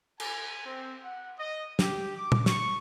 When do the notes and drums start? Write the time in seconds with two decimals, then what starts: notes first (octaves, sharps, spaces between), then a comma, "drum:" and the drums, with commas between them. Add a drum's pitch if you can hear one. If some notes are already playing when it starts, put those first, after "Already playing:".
0.20 G#5, drum: cymbal
0.65 C4
1.04 F#5
1.38 D#5
1.79 G4, drum: snare
2.15 D6
2.32 drum: tom
2.46 C#6, drum: snare